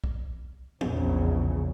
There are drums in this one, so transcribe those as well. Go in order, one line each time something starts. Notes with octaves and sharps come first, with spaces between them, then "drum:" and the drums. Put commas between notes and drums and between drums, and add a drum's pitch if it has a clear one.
drum: kick
A#1 E2 C#3, drum: tom